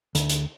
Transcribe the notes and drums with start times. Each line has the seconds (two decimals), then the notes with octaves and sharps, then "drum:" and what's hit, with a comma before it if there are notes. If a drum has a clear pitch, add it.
0.15 D2, drum: hi-hat
0.29 drum: hi-hat